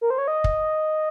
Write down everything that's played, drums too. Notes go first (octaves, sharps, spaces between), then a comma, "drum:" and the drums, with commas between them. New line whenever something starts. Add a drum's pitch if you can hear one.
A#4
C5
C#5
D#5
drum: kick